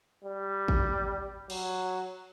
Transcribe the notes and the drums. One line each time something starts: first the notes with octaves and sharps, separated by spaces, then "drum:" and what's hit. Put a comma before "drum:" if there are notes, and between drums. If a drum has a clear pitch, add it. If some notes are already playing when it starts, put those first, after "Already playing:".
G3
drum: kick
F#3, drum: cymbal